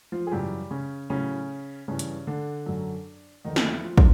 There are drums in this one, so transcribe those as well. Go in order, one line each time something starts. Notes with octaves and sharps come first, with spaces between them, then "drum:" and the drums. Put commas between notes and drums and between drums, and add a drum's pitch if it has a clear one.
F3 F4
G#4
F#2 C#3 E3 G3 G4
C#3 C#4
A2 C#3 F#3 C#4
G2 C#3 E3 C#4
drum: hi-hat
D3 D4
F#2 D3 F#3
F2 D3 D#3 F3 D#4
D#4, drum: snare
E3 E4
F3 F4
F4, drum: kick